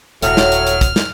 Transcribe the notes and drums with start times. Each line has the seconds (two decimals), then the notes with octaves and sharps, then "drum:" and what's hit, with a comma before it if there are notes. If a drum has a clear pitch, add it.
0.22 D#1 A2 F#3 F6, drum: hi-hat
0.37 drum: snare
0.52 drum: hi-hat
0.67 drum: hi-hat
0.81 drum: kick, hi-hat
0.96 drum: snare